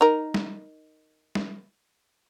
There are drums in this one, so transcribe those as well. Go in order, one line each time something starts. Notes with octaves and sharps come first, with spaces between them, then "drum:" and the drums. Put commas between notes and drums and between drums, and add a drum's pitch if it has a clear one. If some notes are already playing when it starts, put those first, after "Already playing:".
D#4 A#4
drum: snare
drum: snare